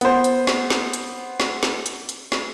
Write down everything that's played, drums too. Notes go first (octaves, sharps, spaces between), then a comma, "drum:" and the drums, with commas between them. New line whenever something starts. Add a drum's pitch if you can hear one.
B3 C5, drum: hi-hat
drum: hi-hat
drum: snare
drum: snare
drum: hi-hat
drum: snare
drum: snare
drum: hi-hat
drum: hi-hat
drum: snare